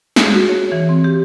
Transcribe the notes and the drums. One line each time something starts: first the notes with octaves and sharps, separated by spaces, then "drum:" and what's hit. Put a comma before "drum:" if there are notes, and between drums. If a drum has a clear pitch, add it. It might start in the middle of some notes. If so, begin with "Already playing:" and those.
G#4, drum: snare
F#4
C#5
E3
C4
G4